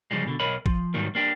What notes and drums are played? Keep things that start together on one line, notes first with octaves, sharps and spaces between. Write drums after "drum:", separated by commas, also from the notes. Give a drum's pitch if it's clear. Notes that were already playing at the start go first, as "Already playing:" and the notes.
C#3 F3 G3 G#3
B2 D3
B1 A#4 C#5 D#5 B5
F3, drum: kick
G#2 D#3 F#3 G3 A#3
A#3 D4 G4